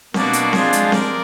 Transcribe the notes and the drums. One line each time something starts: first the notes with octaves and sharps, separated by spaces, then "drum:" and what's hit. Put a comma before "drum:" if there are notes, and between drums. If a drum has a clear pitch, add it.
B2 A#3 D4 F#4 D5, drum: snare C4
drum: hi-hat
F3 G#3 D4 F4 G#4, drum: snare C4
drum: hi-hat
A#4 D5, drum: snare C4